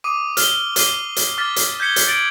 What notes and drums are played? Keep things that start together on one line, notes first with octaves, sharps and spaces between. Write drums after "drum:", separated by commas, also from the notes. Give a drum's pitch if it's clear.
D6 D#6 D#7
F6 G7, drum: hi-hat
D6 F6 C7 D#7 G7, drum: hi-hat
drum: hi-hat
D6 F6 A6 B6
drum: hi-hat
G6 G#6 B6 C#7 G7
drum: hi-hat
A6 D7 F#7